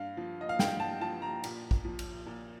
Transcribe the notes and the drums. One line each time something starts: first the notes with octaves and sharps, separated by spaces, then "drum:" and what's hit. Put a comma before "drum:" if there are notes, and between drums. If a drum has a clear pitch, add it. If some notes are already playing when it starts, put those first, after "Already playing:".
Already playing: G2 F5
F3
D#5
F5
G2 G5, drum: snare
A5
F3 A5
A#5
A#2, drum: cymbal
drum: kick
F3
drum: cymbal
A#2